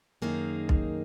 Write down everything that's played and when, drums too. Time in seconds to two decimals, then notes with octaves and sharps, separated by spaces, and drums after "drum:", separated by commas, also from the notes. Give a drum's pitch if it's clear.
0.22 F#2 D#3 A#3 D#4 G#4
0.69 drum: kick B1